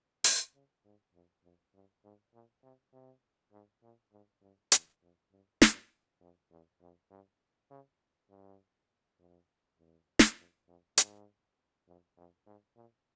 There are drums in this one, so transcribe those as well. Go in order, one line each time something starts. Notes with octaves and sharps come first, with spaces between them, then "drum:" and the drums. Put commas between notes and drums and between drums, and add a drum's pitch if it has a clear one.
E3, drum: open hi-hat
C#3
G#2
F2
F2
G2
G#2
A#2
C3
C3
G#2
A#2
G#2
G2
E2, drum: hi-hat
F2
G2
G2, drum: snare
F2
E2
F2
G2
C#3
G2
F2
E2
drum: snare
F2
F2
G#2, drum: hi-hat
F2
F2
G#2
A#2